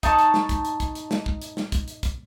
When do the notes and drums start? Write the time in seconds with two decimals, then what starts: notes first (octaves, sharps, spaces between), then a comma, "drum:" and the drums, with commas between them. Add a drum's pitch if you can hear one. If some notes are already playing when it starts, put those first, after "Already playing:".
0.03 D#4 A5 C#6, drum: kick, hi-hat
0.19 drum: hi-hat
0.34 drum: snare
0.49 drum: kick, hi-hat
0.65 drum: hi-hat
0.80 drum: kick, hi-hat
0.95 drum: hi-hat
1.11 drum: snare
1.26 drum: kick
1.42 drum: hi-hat
1.57 drum: snare
1.72 drum: kick, hi-hat
1.88 drum: hi-hat
2.03 drum: kick, hi-hat